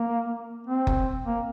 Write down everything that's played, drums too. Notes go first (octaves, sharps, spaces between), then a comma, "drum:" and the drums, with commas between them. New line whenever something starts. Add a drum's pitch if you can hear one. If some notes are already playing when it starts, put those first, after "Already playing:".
Already playing: A#3
C4
drum: kick F#1
A#3